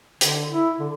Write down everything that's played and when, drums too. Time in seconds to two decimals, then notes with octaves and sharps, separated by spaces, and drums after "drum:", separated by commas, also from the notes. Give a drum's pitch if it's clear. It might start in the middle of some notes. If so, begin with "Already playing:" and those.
0.21 D3, drum: hi-hat
0.52 E4
0.79 D3